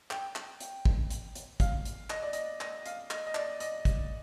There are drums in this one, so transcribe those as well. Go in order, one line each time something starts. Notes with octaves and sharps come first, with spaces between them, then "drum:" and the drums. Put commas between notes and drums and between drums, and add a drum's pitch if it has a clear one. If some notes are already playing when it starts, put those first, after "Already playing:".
G5, drum: clap
drum: clap
drum: hi-hat
drum: kick
drum: hi-hat
drum: hi-hat
F5, drum: kick, hi-hat
drum: hi-hat
D#5, drum: clap
D5
D#5, drum: hi-hat
D#5, drum: clap
F5, drum: hi-hat
D#5, drum: clap
D#5
D5, drum: clap
D#5, drum: hi-hat
drum: kick, hi-hat